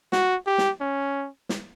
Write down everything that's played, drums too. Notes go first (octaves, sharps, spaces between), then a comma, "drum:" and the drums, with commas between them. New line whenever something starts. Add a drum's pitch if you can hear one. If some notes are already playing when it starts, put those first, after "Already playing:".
F#4, drum: snare
G4
drum: snare
C#4
drum: snare